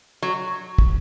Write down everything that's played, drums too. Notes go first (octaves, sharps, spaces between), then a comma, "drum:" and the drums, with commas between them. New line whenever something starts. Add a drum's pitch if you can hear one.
F#3
drum: kick